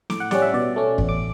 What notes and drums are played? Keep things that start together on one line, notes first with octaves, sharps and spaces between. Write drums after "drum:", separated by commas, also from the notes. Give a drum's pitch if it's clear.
A2 D6, drum: snare
F#5
G3 C#4 D5, drum: snare
E5
B2 D5
A3 C#4
A1, drum: kick
D6